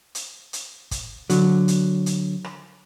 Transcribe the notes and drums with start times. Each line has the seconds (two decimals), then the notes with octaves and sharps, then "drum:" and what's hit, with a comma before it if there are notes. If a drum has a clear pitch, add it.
0.15 drum: hi-hat
0.53 drum: hi-hat
0.91 drum: kick, hi-hat
1.30 D3 F#3, drum: hi-hat
1.68 drum: hi-hat
2.06 drum: hi-hat
2.44 drum: rim click